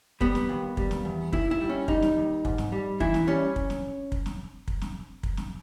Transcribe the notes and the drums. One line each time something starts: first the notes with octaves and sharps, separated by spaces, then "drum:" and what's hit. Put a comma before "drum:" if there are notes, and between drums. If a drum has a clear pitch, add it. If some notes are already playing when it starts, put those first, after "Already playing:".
G3 B3, drum: kick
drum: snare
D#2
G3, drum: kick
drum: snare
E2
G2 E4, drum: kick
E4
G3
C#4
G3 D#4, drum: kick
drum: snare
D#2
G#2, drum: kick
drum: snare
G3
E3 E4, drum: kick
drum: snare
G3 C#4
drum: kick
drum: snare
drum: kick
drum: snare
drum: kick
drum: snare
drum: kick
drum: snare